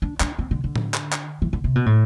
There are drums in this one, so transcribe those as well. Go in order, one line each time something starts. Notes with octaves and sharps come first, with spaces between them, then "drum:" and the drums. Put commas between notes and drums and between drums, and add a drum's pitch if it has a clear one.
D4
D4, drum: clap
C4
D3
D3
drum: tom A2
drum: clap
drum: clap
E3
D3
C3
B2
A2